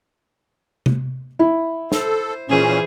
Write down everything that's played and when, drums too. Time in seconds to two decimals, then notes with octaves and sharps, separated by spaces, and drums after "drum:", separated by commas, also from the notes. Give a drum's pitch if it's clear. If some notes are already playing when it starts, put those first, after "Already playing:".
0.86 drum: tom C3
1.39 E4
1.92 A4 C5, drum: snare
2.49 A#2 E3 C#4 G#4 C5